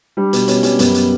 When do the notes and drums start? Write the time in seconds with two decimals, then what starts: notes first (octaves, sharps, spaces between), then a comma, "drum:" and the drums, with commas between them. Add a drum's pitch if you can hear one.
0.17 G3 D4
0.33 B2, drum: hi-hat
0.48 B2 C#4, drum: hi-hat
0.63 G3 C#4, drum: hi-hat
0.79 F#2 B3, drum: hi-hat
0.94 drum: hi-hat